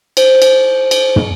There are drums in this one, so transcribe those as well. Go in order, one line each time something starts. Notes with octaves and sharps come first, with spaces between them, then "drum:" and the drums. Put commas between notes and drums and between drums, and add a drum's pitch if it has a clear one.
C5, drum: cymbal
drum: cymbal
drum: cymbal
drum: tom